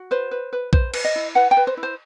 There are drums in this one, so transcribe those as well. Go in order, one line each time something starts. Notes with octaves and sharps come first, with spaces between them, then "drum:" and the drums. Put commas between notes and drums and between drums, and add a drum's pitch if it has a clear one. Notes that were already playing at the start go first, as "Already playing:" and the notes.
Already playing: F#4
B4 C5
B4
B4
B4 C5, drum: kick A#1
B4, drum: cymbal
D#5
E4
B4 F#5
G5
B4
C5
E4
C5